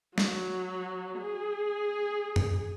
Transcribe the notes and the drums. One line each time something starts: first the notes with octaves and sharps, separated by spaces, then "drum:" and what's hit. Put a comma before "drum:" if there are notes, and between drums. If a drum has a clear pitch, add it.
F#3, drum: snare
G#4
drum: tom F#2